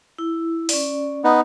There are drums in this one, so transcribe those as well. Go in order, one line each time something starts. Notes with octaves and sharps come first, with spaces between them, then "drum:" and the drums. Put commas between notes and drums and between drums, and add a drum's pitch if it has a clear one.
E4
C#4 D5, drum: open hi-hat
B3 D#4